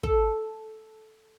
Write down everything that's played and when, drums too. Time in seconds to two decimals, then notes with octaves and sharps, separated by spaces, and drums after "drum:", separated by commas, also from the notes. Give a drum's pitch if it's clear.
0.03 A4, drum: kick